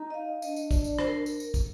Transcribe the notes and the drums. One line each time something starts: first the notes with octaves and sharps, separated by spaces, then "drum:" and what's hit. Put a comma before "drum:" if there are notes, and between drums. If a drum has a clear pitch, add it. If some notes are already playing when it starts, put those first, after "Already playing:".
Already playing: D#4
D#5
F5
D4 D#5, drum: tambourine
drum: tambourine
D5, drum: kick, tambourine
drum: tambourine
C5, drum: rim click
A#4
drum: tambourine
drum: tambourine
drum: kick, tambourine